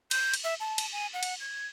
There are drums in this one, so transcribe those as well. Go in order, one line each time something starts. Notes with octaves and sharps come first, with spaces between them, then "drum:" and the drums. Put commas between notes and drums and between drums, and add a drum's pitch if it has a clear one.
G6, drum: cymbal
drum: cymbal
E5
A5
drum: cymbal
G#5
F#5
drum: cymbal
G#6